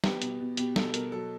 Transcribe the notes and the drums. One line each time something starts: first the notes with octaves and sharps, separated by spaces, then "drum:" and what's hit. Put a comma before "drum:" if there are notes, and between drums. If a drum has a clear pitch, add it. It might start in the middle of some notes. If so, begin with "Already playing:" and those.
B3 G4, drum: snare
B2, drum: hi-hat
B2
B2 G4, drum: hi-hat
B2 A4, drum: snare
B2 A#4, drum: hi-hat
F#3 A4